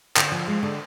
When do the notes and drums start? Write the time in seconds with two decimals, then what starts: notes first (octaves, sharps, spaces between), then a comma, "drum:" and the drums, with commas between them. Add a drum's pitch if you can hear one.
0.17 D3, drum: clap
0.32 F3
0.48 G#3
0.63 D3